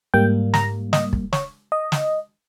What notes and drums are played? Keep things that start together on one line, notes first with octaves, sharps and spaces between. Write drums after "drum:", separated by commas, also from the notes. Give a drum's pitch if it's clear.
G#2 G3 A#3 G5
A#5, drum: snare
D#5, drum: snare
drum: kick
C#5, drum: snare
D#5
drum: snare